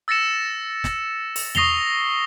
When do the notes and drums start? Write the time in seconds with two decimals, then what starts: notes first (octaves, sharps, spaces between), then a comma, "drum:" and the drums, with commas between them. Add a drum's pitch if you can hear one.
0.08 E6 A6 A#6 C#7 E7
0.84 drum: snare
1.36 drum: open hi-hat
1.55 C#6 D#6 A#6 C7 F7 G7, drum: tom E2